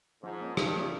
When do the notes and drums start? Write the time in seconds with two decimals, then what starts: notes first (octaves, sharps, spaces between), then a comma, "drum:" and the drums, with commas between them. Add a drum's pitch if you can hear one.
0.23 G#2 F3
0.41 A#3 C#4
0.57 G2 F3, drum: rim click
0.75 A#3 C#4